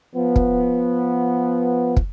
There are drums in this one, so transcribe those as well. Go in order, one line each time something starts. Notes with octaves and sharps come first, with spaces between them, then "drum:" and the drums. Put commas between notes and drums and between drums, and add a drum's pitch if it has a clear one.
F3 B3
drum: kick
drum: kick